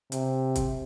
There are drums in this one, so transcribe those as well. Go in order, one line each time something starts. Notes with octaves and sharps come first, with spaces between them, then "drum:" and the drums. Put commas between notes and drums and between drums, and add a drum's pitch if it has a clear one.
C3, drum: hi-hat
drum: kick, hi-hat